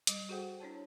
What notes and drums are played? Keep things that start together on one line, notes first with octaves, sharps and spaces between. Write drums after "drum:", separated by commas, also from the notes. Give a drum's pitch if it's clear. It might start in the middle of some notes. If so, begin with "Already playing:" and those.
G3 D6, drum: hi-hat
F#4 G#4 A4 C5 F#5 G5
D4 E4 C#5 A5